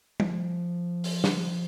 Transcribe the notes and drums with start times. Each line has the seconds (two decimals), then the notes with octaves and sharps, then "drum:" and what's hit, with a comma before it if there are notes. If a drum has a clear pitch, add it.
0.20 F3, drum: tom G3
1.04 drum: open hi-hat
1.24 drum: snare